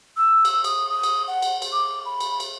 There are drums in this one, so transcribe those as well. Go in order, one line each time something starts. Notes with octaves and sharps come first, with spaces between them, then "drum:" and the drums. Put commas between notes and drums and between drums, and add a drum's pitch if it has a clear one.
E6
drum: cymbal
D#6, drum: cymbal
D#6
drum: cymbal
F#5
drum: cymbal
drum: cymbal
D6
B5
drum: cymbal
drum: cymbal